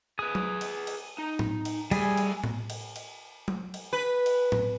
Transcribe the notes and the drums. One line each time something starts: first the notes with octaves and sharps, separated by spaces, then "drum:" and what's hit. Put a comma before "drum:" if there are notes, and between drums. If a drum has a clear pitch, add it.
G#4 B4 D#6
drum: tom F#3
drum: cymbal
drum: cymbal
D#4
drum: tom A2
drum: cymbal
G3 A3 G#4 G#5, drum: cymbal
drum: cymbal
drum: tom A2
drum: cymbal
drum: cymbal
drum: tom F#3
drum: cymbal
B4
drum: cymbal
drum: tom A2